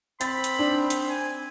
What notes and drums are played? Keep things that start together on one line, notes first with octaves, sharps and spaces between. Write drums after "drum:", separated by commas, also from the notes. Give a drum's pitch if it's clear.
C4 B5 A6, drum: hi-hat
drum: hi-hat
D4
drum: hi-hat
G#5